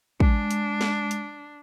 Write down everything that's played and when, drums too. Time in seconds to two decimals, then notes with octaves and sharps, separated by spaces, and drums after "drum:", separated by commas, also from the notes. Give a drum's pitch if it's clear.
0.20 G#3 D4, drum: kick
0.51 drum: hi-hat
0.81 drum: snare
1.11 drum: hi-hat